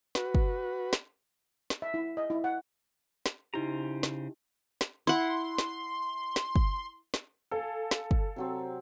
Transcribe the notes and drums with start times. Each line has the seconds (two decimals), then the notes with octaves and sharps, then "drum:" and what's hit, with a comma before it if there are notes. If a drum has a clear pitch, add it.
0.15 F#4 B4, drum: snare
0.35 drum: kick
0.93 drum: snare
1.70 drum: snare
1.82 E5
1.94 E4
2.17 D#5
2.30 E4
2.44 F#5
3.26 drum: snare
3.54 C#3 D#4 E4 G4 C5 A#5
4.03 drum: snare
4.81 drum: snare
5.07 E4 F#5 C6
5.58 drum: snare
6.36 drum: snare
6.56 drum: kick
7.14 drum: snare
7.51 A4 F5 G#5
7.91 drum: snare
8.11 drum: kick
8.36 C3 F#3 C4